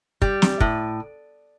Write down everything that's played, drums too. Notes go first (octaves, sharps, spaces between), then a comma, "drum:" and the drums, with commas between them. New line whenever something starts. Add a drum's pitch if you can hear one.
G3, drum: kick
drum: snare
A2, drum: kick